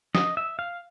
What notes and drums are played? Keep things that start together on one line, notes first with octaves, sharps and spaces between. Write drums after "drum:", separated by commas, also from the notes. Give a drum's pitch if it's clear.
D#5, drum: snare
E5
F5